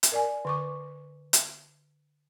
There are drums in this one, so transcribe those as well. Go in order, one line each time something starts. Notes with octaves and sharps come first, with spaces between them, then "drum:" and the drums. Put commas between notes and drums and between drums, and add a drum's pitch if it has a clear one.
drum: hi-hat
A#4 D5 G#5
D3 C#6 D6
drum: hi-hat